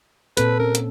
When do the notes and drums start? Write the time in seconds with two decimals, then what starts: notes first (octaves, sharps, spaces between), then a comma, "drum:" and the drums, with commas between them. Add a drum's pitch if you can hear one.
0.37 A#2 C4 A4 B4, drum: hi-hat
0.59 C#4 A#4
0.75 drum: hi-hat